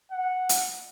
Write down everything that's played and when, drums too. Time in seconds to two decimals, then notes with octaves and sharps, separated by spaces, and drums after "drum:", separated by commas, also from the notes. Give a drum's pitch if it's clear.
0.11 F#5
0.49 drum: hi-hat